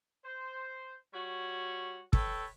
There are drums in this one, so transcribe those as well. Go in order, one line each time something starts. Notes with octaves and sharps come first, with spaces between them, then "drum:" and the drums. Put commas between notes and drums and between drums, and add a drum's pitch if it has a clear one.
C5
G3 F#4 C#5
A4 B4 C#5 G5, drum: kick